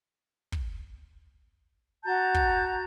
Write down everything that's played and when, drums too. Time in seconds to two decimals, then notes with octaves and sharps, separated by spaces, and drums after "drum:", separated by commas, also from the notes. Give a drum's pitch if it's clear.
0.52 drum: kick
2.04 F#4 A5 A#5 G6
2.34 drum: kick